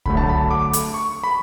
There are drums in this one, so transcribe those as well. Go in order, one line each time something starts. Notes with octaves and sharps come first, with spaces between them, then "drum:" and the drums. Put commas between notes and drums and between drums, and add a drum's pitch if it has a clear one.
D2 D3 F#3 A3 B5, drum: kick C2
A5
B5
D6
drum: hi-hat
C#6
B5